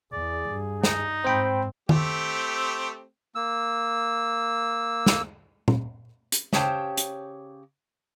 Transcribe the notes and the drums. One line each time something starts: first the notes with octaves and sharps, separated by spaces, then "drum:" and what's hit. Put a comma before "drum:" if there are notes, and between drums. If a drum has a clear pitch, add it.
E2 G#4 D5
G2
D#4, drum: snare
G#2 C4 C5 G5 B5
A3 C4 G4, drum: tom D#3
A#3 E6
drum: snare
drum: tom A#2
drum: hi-hat
C#3 G4 C5 C#5 G5 A5, drum: snare
drum: hi-hat